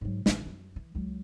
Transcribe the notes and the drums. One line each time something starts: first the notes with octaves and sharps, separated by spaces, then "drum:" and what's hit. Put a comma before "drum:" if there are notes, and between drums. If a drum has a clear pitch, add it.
G#2 F#3
A1 D#3, drum: snare
F#2
E3
C#2 F#3